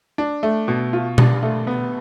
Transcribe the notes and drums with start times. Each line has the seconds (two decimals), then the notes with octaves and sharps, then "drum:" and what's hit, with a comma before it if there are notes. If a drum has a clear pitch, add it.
0.18 D4
0.43 A3
0.68 B2
0.93 F4
1.18 D4, drum: tom B2
1.43 A3
1.67 B3